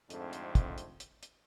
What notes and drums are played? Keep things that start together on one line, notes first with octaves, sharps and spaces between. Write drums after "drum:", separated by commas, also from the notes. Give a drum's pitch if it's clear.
F2 G#2 D3 A3 C4, drum: hi-hat
drum: hi-hat
drum: kick, hi-hat
drum: hi-hat
drum: hi-hat
drum: hi-hat